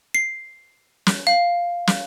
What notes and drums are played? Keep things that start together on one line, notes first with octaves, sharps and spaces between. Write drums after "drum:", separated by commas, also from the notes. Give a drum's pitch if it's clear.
C7
drum: snare
F5
drum: snare